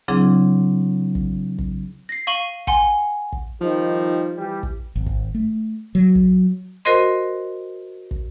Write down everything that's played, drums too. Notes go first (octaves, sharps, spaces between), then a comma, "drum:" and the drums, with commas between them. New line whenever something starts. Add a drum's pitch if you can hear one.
C#3 F#3 C4 D4 E4 G#4
drum: kick
drum: kick
A#6 C7
F5 C#6 D#7 F#7 G7
F#5 G#5 C6, drum: kick
drum: kick
D#3 F3 G3 D#4
E3 G3
drum: kick
G#1
drum: kick
A3
F#3
drum: kick
F#4 A#4 C5 D#5 C6
drum: kick